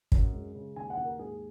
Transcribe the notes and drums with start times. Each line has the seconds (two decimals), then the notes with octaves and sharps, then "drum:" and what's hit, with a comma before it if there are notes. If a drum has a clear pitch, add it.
0.12 F#2, drum: kick
0.33 G#3
0.55 C#3
0.76 D#2 G#5
0.90 F#5
0.97 D#2
1.05 A#4
1.19 G#2 G#4